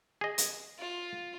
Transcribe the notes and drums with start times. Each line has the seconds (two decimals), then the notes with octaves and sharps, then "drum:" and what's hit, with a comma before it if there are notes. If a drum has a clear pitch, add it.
0.21 G#4 D#5
0.38 drum: hi-hat
0.78 F4